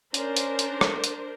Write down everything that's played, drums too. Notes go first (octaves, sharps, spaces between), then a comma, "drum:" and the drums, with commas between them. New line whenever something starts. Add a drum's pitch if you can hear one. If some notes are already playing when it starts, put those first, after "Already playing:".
C#4 D4 A#4 C5, drum: hi-hat
drum: hi-hat
drum: hi-hat
drum: rim click
drum: hi-hat